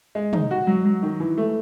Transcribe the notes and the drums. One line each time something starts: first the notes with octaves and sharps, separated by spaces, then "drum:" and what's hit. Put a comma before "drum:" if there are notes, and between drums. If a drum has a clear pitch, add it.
G#3
D#4, drum: tom
F#4
F#3
F#3
D#3
E3
A3